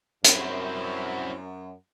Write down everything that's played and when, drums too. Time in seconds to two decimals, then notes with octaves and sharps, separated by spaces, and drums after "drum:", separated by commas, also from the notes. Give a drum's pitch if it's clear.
0.24 F#2 C4 E4, drum: hi-hat